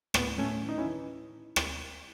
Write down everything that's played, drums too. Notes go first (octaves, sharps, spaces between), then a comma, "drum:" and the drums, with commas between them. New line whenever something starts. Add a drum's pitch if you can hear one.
A2 B3, drum: rim click
A2 A3 C#4
E3
D#4
C#4 E4
E3
drum: rim click